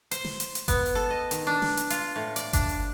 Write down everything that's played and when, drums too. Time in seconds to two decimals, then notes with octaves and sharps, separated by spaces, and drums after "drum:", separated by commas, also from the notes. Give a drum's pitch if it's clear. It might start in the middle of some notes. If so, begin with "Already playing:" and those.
0.11 C5, drum: hi-hat
0.25 drum: snare
0.40 drum: hi-hat
0.55 drum: hi-hat
0.68 B3, drum: kick G1, hi-hat
0.86 drum: open hi-hat
0.95 A4
1.10 D#5
1.31 D#3, drum: hi-hat
1.47 D4
1.62 drum: snare
1.77 drum: hi-hat
1.90 F4, drum: hi-hat
2.16 A2
2.36 D5, drum: hi-hat
2.53 D4, drum: kick G1, hi-hat
2.69 drum: open hi-hat